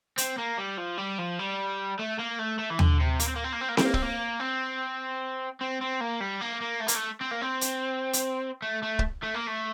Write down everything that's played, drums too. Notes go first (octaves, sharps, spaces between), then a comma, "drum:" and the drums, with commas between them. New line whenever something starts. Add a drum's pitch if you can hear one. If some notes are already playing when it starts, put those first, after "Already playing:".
C4, drum: hi-hat
A#3
G3
F3
G3
F3
G3
A3
A#3
A3
A3
E3
D3, drum: tom
C3
A#3, drum: hi-hat
C4
A#3
C4
A#3
C4
A#3
C4, drum: snare C4
A#3
C4, drum: kick
A#3
C4
C4
C4
A#3
G3
A#3
A#3
A3
A#3, drum: hi-hat
A3
C4
A#3
C4
drum: hi-hat
drum: hi-hat
A3
A3
drum: kick
A3
A#3
A3